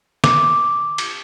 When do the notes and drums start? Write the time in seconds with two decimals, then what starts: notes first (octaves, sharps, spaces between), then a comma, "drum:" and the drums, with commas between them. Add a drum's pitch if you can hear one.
0.24 D6, drum: snare
0.98 drum: cymbal